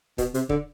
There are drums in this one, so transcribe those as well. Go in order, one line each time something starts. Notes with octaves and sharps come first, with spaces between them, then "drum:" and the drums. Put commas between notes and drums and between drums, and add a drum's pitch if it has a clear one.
B2, drum: kick D#1, hi-hat
C3, drum: hi-hat
D3, drum: kick D#1